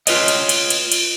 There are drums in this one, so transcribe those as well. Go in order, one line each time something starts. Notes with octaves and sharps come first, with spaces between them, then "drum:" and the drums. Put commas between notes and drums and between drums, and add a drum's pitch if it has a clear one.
F4 B4 C#5 D#5, drum: cymbal
drum: cymbal
drum: cymbal
drum: cymbal
drum: cymbal